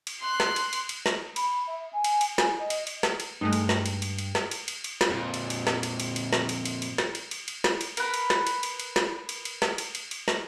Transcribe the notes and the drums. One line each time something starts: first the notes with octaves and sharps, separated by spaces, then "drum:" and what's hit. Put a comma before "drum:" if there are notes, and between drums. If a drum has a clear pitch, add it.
drum: cymbal
C6 F#6
drum: snare
drum: cymbal
drum: cymbal
drum: cymbal
drum: snare
B5, drum: cymbal
E5
G#5
drum: cymbal
drum: cymbal
G#5, drum: snare
D#5
drum: cymbal
drum: cymbal
drum: snare
drum: cymbal
G2 G#3 A3 D#4
drum: cymbal
drum: snare
drum: cymbal
drum: cymbal
drum: cymbal
drum: snare
drum: cymbal
drum: cymbal
drum: cymbal
drum: snare
F2 A#2
drum: cymbal
drum: cymbal
drum: snare
drum: cymbal
drum: cymbal
drum: cymbal
drum: snare
drum: cymbal
drum: cymbal
drum: cymbal
drum: snare
drum: cymbal
drum: cymbal
drum: cymbal
drum: snare
drum: cymbal
A#4 B4, drum: cymbal
drum: cymbal
drum: snare
drum: cymbal
drum: cymbal
drum: cymbal
drum: snare
drum: cymbal
drum: cymbal
drum: snare
drum: cymbal
drum: cymbal
drum: cymbal
drum: snare